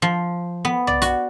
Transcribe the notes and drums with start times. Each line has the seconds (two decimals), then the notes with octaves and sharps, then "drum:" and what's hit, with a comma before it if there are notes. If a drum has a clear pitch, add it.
0.02 F3
0.65 B3
0.87 D5, drum: tom
1.02 F#4, drum: hi-hat